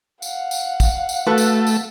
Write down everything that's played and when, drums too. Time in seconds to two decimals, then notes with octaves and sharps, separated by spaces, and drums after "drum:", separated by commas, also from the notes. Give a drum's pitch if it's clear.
0.22 F5 F#5, drum: tambourine
0.51 drum: tambourine
0.80 drum: kick, tambourine
1.09 drum: tambourine
1.27 A3 F#4 A4 B4
1.38 drum: tambourine
1.67 drum: tambourine